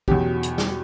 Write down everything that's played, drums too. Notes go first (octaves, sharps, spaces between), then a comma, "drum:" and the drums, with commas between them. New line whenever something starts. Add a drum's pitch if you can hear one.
E2 B2 F#3 G4, drum: kick
drum: hi-hat
drum: snare